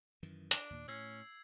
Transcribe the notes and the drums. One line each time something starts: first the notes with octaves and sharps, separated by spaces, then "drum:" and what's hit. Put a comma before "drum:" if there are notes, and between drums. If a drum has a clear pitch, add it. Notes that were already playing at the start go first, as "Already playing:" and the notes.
F#2 D#3 E3
D4, drum: hi-hat
D#2 A#2
A2 C#4 E6 G#6 C7